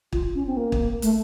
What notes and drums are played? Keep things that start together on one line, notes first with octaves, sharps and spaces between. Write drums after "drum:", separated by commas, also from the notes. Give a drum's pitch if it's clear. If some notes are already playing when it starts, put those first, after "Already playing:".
F4, drum: kick
C#4
C4
A#3
drum: kick
A3, drum: hi-hat